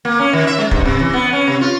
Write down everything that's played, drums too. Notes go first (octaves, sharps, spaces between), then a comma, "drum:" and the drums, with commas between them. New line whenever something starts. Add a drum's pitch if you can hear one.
A#3
C#4
D#3
E5
G#3
G2, drum: kick
C3
E3
B3
C#4
C3
F4